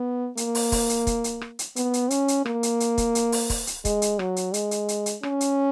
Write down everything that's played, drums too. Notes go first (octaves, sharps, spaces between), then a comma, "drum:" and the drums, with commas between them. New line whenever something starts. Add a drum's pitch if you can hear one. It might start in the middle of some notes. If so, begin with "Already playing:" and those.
Already playing: B3
A#3, drum: hi-hat
drum: open hi-hat
drum: kick, open hi-hat
drum: hi-hat
drum: kick, hi-hat
drum: hi-hat
drum: rim click
drum: hi-hat
B3, drum: hi-hat
drum: hi-hat
C#4, drum: hi-hat
drum: hi-hat
A#3, drum: rim click
drum: hi-hat
drum: hi-hat
drum: kick, hi-hat
drum: hi-hat
drum: open hi-hat
drum: kick, open hi-hat
drum: hi-hat
G#3, drum: kick, hi-hat
drum: hi-hat
F#3, drum: rim click
drum: hi-hat
G#3, drum: hi-hat
drum: hi-hat
drum: hi-hat
drum: hi-hat
C#4, drum: rim click
drum: hi-hat